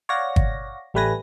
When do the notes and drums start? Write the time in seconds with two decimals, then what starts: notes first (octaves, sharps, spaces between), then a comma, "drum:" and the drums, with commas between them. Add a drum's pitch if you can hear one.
0.09 C#5 D5 F5 F#5 A#6
0.36 drum: kick
0.94 A1 G3 A3 B4 G#5 A#6